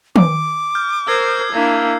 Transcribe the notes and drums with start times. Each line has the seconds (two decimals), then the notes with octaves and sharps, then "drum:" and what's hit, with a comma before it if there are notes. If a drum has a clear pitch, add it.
0.16 D6, drum: tom
0.75 F6 G6
1.07 A#4 C5 E6 G#6 C7
1.52 A#3 D4 E4